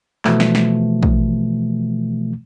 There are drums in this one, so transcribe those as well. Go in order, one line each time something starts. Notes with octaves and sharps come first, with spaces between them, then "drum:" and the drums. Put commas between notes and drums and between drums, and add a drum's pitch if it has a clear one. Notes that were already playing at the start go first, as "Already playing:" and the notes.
B2 E3 F3 A3, drum: clap
drum: snare
drum: snare
drum: kick